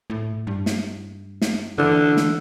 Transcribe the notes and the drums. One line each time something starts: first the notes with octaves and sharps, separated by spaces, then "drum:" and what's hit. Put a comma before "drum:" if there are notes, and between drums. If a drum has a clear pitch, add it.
A2
G2
drum: snare
drum: snare
D3 E3
drum: snare